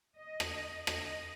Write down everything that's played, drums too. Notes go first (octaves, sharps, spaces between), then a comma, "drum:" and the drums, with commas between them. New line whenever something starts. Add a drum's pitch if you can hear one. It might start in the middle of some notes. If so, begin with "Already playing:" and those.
D#5
drum: rim click
D#5, drum: rim click